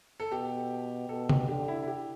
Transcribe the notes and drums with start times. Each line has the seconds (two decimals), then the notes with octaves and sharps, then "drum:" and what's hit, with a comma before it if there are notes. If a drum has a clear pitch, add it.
0.20 A4
0.32 B2 G4
1.09 B2 A4
1.29 G4, drum: tom C3
1.48 D3 G4
1.68 E4
1.82 E4
1.87 G4